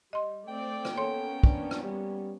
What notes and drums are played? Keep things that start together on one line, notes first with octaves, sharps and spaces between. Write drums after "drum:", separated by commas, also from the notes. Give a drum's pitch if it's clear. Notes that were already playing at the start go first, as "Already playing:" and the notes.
G3 D#5 C6
A3 C4 D5 G5
drum: rim click
A#3 B3 C#4 A4 C#5 C6
D4, drum: kick
drum: rim click
G3